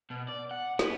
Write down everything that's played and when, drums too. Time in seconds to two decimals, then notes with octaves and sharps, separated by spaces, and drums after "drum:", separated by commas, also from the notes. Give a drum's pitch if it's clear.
0.10 B2
0.28 D5
0.51 F#5
0.79 B3, drum: snare